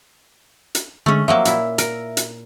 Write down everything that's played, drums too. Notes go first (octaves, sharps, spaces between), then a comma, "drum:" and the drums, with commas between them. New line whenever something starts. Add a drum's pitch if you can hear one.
drum: hi-hat
D3 G#3 A3 C#4
F3 F#3 A#3 E5
A#2 E4, drum: hi-hat
A#4, drum: hi-hat
drum: hi-hat